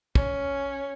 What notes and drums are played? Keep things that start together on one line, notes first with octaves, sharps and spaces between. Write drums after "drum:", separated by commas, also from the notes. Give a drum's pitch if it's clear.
C#4, drum: kick